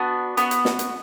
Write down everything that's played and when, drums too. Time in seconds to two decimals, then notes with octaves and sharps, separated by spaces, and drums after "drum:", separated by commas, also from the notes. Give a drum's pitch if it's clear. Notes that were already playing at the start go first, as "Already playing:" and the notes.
Already playing: B3 D4 F#4
0.37 B3 D4 F#4, drum: hi-hat
0.51 drum: hi-hat
0.65 drum: snare
0.79 drum: hi-hat